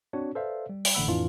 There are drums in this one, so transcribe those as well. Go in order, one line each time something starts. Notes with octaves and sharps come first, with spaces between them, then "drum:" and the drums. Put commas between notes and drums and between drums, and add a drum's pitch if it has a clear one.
C4 D4 F#4 C#5
A4 B4 C5 D5 E5 F5
G3
drum: open hi-hat
A1 D3 A3 F#5 B5 E6
F2 A2 E3 D4 E4 F4